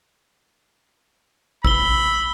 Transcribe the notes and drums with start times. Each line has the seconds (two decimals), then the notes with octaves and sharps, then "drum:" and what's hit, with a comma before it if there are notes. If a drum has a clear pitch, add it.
1.64 B5 E6 G7, drum: kick A1